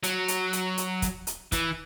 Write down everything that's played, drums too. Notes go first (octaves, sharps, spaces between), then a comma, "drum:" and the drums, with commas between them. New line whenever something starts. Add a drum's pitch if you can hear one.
F#3, drum: hi-hat
drum: hi-hat
drum: hi-hat
drum: hi-hat
drum: kick, hi-hat
drum: hi-hat
E3, drum: kick, hi-hat